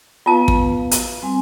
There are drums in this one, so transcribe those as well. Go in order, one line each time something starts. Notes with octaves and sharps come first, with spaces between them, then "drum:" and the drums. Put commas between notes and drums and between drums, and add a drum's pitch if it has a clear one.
B3 F4 B4 F5 A5
drum: kick
drum: hi-hat
G3 C4 G#5